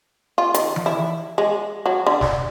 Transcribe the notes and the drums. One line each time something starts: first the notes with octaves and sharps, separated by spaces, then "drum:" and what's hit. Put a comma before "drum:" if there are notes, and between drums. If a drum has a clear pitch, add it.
F4
D#3, drum: hi-hat
drum: tom E3
E4
G#3
F#3
D3
drum: snare